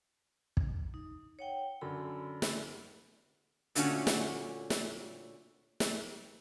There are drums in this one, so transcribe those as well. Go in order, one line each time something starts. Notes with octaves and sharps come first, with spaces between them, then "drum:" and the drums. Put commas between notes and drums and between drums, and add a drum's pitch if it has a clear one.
drum: kick
D#4
C#5 F#5 G5
F#2 D3 B5
drum: snare
A#2 D3 A3 C#4 F#4, drum: hi-hat
drum: snare
drum: snare
drum: snare